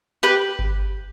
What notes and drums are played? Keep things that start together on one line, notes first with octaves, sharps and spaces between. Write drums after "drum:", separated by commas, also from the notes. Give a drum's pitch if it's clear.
G4 B4
drum: kick G1